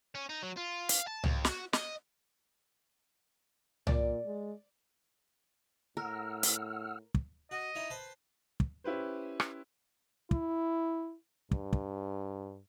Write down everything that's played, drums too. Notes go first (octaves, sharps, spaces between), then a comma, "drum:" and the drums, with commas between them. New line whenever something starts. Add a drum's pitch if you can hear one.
C#4
D#4
F#3
F4
F5, drum: hi-hat
A5
D#2, drum: tom C2
F#4, drum: snare
D#5, drum: snare
A#2 D5, drum: tom C2
G#3
A2 A#4 F#5 E6 F6
drum: hi-hat
drum: kick
F#4 D#5
D#4 E4 C#5
B4 C5 A5
drum: kick
C#4 E4 G4 B4 C5
drum: rim click
E4, drum: kick
G2, drum: kick
drum: kick